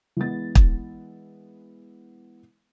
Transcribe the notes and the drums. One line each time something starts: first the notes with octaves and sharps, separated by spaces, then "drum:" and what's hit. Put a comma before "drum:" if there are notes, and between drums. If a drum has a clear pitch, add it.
E3 G#3 B3 A6
drum: kick